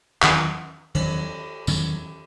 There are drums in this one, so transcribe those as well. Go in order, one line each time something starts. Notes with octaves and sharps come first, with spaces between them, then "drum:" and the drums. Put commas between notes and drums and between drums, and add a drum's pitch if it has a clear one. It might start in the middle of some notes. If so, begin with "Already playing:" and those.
E2 D#3 F#3 C#4, drum: clap
E2 D#3 F#3 C#4, drum: cymbal
E2 D#3 F#3 C#4, drum: tambourine